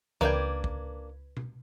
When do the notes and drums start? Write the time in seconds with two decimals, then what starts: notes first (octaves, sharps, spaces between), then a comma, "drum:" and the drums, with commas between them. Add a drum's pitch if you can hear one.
0.21 C#2 A#3 D4 B4 G5 G#6, drum: tom E3
0.64 drum: kick
1.37 drum: tom B2